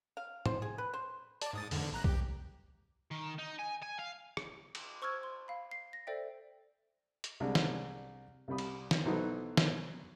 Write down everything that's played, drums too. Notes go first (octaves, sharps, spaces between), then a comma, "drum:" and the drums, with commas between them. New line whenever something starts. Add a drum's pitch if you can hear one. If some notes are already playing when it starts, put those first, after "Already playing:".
F5
C5, drum: tom
G#4
B4
C5
D5 A5, drum: hi-hat
G#2 D#6 A6
E2 G#2 D3, drum: open hi-hat
A1 A#5 F#6
G4, drum: kick B1
D#3
D#4
G#5
G#5
F5
drum: rim click
drum: cymbal
C5 C#6 E6 F6 G#6
C6
F5 B5
C7
A#6
A4 C5 D5 E5 G5
drum: hi-hat
C2 G#3 D4
drum: snare
C2 C3 G3 B5 D#6
drum: cymbal
drum: snare
B1 E3 F#3 D#4 A4 C5
drum: snare